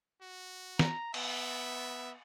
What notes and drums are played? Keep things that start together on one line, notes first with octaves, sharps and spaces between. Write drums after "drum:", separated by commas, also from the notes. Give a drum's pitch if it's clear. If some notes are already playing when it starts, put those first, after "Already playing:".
F#4
A#5, drum: snare
B3 E5, drum: cymbal